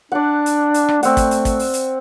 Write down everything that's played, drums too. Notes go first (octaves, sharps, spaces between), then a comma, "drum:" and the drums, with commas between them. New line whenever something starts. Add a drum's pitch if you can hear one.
D4 D5 F#5
drum: hi-hat
drum: hi-hat
drum: rim click
A3 C4 F#5, drum: hi-hat
drum: kick, hi-hat
drum: hi-hat
drum: kick, hi-hat
drum: open hi-hat
drum: hi-hat